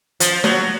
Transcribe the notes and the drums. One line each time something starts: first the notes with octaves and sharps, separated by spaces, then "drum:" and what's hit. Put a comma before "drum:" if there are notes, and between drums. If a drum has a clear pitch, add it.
F3, drum: hi-hat
F#3, drum: snare